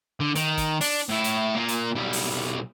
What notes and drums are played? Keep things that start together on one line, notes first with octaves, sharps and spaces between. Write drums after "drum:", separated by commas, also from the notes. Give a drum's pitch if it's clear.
D3
D#3, drum: hi-hat
drum: kick, hi-hat
D4, drum: open hi-hat
A2 E4
drum: hi-hat
A#3 F4
drum: hi-hat
B1 G3
drum: open hi-hat